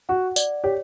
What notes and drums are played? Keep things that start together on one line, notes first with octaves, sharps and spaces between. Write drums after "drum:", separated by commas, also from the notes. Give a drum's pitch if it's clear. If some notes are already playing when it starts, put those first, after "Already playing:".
F#4 F#5
D5, drum: tambourine
G4 C#5